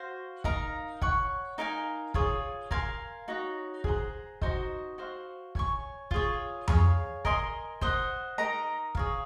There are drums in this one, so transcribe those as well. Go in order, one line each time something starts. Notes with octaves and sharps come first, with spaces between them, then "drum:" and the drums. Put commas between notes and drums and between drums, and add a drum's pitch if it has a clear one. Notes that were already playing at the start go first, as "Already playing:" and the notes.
Already playing: F#4 C5 F5
D#4 A#4 F5 A#5, drum: kick
C#5 F#5 C#6, drum: kick
D#4 A#4 F5 G#5
F4 G#4 C#5, drum: kick
A#4 F5 G#5 C6, drum: kick
D#4 F#4 C#5
G#4 C5 F#5 A#5, drum: kick
D#4 F#4 C5 D#5, drum: kick
F#4 C5 F5
C#5 G#5 C#6, drum: kick
F4 G#4 C#5, drum: kick
G#4 C#5 F5, drum: tom F2
A#4 D#5 G#5 C6, drum: kick
C5 D#5 F#5, drum: kick
D#4 A#4 D#5 A#5
G#4 C#5 F5, drum: kick